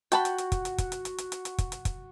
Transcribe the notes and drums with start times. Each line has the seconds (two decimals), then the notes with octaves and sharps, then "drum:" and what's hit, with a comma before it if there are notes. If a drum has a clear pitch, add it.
0.12 F#4 G5 A5 B5, drum: hi-hat
0.25 drum: hi-hat
0.38 drum: hi-hat
0.52 drum: kick, hi-hat
0.65 drum: hi-hat
0.78 drum: kick, hi-hat
0.92 drum: hi-hat
1.05 drum: hi-hat
1.18 drum: hi-hat
1.32 drum: hi-hat
1.45 drum: hi-hat
1.58 drum: kick, hi-hat
1.72 drum: hi-hat
1.85 drum: kick, hi-hat